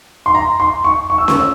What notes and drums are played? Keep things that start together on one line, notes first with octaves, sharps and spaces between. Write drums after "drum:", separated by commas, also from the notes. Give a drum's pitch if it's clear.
C6
A#5
C6
C#6
C#6
E6
C#6, drum: snare C#4
E6